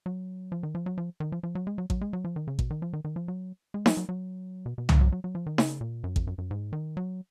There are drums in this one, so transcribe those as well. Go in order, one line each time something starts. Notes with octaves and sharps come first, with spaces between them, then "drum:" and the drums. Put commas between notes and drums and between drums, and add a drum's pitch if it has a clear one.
F#3
F3
D#3
F3
F#3
F3
D#3
F3
F3
F#3
G#3
F#3
F#3, drum: kick A1
G#3
F#3
F3
D#3
C#3
B2, drum: kick A1
D#3
F3
D#3
D#3
F3
F#3
G#3
F#3, drum: snare D#4
F#3
F#3
B2
B2
A#2, drum: tom C2
F#3
F#3
F#3
F3
D#3
C#3, drum: snare D#4
A#2
F#2
F2, drum: kick A1
F#2
F#2
G#2
D#3
F#3